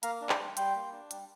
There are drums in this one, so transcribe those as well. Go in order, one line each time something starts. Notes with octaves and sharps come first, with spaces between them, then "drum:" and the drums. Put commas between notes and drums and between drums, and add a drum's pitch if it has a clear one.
A#3 F5 A#5, drum: hi-hat
D4
G5 C6, drum: clap
G3
G3 G5 C6, drum: hi-hat
A#3
D4
G3, drum: hi-hat